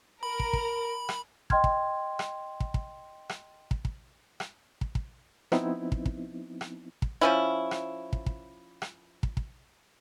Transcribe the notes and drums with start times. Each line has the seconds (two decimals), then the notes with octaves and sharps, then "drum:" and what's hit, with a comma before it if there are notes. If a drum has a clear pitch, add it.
0.23 A#4 B5
0.40 drum: kick
0.53 drum: kick
1.09 drum: rim click
1.50 D#5 G5 C6 F6 G#6, drum: kick
1.64 drum: kick
2.19 drum: rim click
2.60 drum: kick
2.74 drum: kick
3.29 drum: rim click
3.71 drum: kick
3.85 drum: kick
4.40 drum: rim click
4.81 drum: kick
4.95 drum: kick
5.52 F3 B3 C4 D#4 E4, drum: rim click
5.92 drum: kick
6.06 drum: kick
6.61 drum: rim click
7.02 drum: kick
7.21 F3 C#4 E4
7.71 drum: rim click
8.13 drum: kick
8.26 drum: kick
8.82 drum: rim click
9.23 drum: kick
9.37 drum: kick